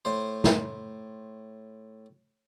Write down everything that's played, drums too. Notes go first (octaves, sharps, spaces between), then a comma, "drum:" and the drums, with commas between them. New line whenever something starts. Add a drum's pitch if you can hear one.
A2 C5
drum: snare